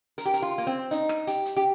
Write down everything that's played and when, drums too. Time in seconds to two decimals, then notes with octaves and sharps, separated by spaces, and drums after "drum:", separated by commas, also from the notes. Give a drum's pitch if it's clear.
0.18 A#4, drum: hi-hat
0.25 G4
0.34 A#4, drum: hi-hat
0.42 F4
0.58 A#3
0.67 C4
0.91 D#4, drum: hi-hat
1.09 drum: rim click
1.27 G4, drum: hi-hat
1.46 drum: hi-hat
1.56 G4